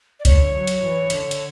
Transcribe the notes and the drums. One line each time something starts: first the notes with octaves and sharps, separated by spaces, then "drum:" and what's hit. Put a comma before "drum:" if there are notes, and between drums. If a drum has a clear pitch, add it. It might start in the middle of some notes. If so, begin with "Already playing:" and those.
D5
D3 C#5, drum: kick C#2, hi-hat
F#3
drum: hi-hat
E3
D3, drum: hi-hat
drum: hi-hat